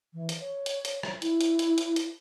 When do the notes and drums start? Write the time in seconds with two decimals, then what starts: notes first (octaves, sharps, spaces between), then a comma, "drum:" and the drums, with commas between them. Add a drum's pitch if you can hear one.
0.14 E3
0.29 drum: hi-hat
0.40 C#5
0.66 drum: hi-hat
0.85 drum: hi-hat
1.03 drum: rim click
1.22 E4, drum: hi-hat
1.41 drum: hi-hat
1.59 drum: hi-hat
1.78 drum: hi-hat
1.96 drum: hi-hat